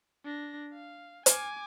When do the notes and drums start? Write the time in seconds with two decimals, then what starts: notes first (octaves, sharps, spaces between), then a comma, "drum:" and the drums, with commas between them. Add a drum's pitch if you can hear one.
0.25 D4 A#6
0.74 F5
1.26 G#5 D6, drum: hi-hat